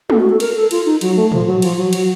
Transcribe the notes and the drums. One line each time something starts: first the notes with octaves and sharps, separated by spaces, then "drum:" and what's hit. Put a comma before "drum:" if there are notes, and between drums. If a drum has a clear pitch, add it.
A4, drum: tom G#3
F#4
A4
A#4, drum: cymbal
A4
F4, drum: cymbal
D#4
F#3, drum: cymbal
A3
F3, drum: tom
F#3
F3, drum: cymbal
F#3
F#3, drum: cymbal